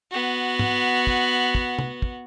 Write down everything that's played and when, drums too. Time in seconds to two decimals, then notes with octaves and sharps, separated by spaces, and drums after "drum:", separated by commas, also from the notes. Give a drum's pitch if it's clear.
0.12 B3 F#4
0.59 drum: tom
1.07 drum: kick
1.55 drum: kick
1.79 drum: tom
2.02 drum: kick